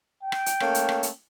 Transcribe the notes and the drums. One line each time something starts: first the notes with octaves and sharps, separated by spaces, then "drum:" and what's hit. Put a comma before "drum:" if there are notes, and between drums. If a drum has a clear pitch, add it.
G5
drum: rim click
drum: hi-hat
A3 A#3 C#4, drum: rim click
drum: hi-hat
drum: rim click
drum: hi-hat